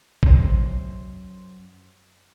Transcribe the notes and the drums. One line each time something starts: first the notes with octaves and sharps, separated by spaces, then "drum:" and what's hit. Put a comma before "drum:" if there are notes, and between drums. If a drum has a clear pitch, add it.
F#2 C5, drum: kick A#1